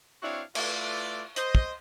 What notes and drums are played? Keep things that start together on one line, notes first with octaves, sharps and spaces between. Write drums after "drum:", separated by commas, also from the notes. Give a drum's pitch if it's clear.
C4 D4 E4 F#4 C#5 F5
A3 E4 F4 B4 D5, drum: cymbal
C5 D#5, drum: hi-hat
drum: kick